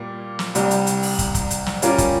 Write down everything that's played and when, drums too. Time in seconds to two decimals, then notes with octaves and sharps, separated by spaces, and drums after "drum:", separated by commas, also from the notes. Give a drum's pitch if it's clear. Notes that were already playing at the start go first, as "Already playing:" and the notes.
Already playing: A#2 G3 A#3
0.39 drum: snare
0.55 C2 C3 G3, drum: hi-hat
0.71 drum: hi-hat
0.87 drum: hi-hat
1.03 drum: open hi-hat
1.19 drum: kick, hi-hat
1.35 drum: kick, hi-hat
1.50 drum: hi-hat
1.66 drum: snare
1.82 A#2 G3 C#4 F4 A#4, drum: hi-hat
1.98 drum: kick, hi-hat